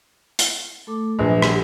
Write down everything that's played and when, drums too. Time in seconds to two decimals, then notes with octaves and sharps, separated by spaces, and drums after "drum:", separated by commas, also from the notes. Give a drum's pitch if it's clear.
0.39 drum: hi-hat
0.87 A3 A4 D6
1.19 A#1 F#3 B4
1.42 G4 A4 F#5, drum: rim click